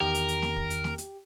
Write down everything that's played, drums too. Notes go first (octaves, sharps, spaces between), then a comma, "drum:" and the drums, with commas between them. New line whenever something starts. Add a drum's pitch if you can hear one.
E2 D#3 G4 A#4
drum: hi-hat
drum: hi-hat
drum: snare
drum: kick
drum: hi-hat
drum: snare
drum: hi-hat